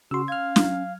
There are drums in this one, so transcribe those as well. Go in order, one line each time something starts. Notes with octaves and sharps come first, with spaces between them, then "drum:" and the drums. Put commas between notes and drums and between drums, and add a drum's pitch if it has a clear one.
C#3 C#4 F#4 C6 E6
F5 F6 G#6
F#3, drum: snare